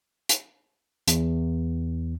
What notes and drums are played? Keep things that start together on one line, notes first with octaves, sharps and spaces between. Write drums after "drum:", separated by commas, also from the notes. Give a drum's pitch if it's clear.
drum: hi-hat
E2, drum: hi-hat